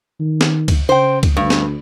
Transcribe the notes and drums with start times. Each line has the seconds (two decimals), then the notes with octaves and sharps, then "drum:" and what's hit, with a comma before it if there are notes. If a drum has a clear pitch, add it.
0.20 D#3
0.41 drum: snare
0.68 drum: kick C#2, cymbal
0.89 C#3 C5 G5
1.23 drum: kick C#2, cymbal
1.37 D2 G2
1.50 drum: snare